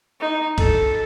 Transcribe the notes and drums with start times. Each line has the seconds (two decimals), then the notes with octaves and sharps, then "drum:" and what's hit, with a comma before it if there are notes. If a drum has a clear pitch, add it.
0.21 D#4
0.58 A4, drum: kick, cymbal